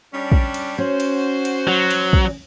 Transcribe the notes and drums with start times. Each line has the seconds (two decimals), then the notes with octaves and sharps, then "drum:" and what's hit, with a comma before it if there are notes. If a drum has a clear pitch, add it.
0.13 G3 C#4 D4
0.32 drum: kick
0.54 drum: cymbal
0.78 C#4 F#4 C5
1.00 drum: cymbal
1.45 drum: cymbal
1.68 F#3
1.90 drum: cymbal
2.13 drum: kick